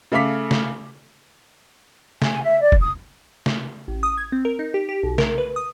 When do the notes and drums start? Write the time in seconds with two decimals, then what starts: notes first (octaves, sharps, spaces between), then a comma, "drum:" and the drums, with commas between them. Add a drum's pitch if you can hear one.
0.12 C#3 A3 A4 F5 D6 B6
0.51 drum: snare
2.22 G#5, drum: snare
2.42 E5
2.62 D5
2.72 drum: kick
2.81 D#6
3.46 drum: snare
3.88 A1
4.03 D#6
4.17 G#6
4.32 C4
4.45 A#4
4.59 D#4
4.74 G4
4.89 G4
5.03 B1
5.18 A#4, drum: snare
5.38 B4
5.56 D#6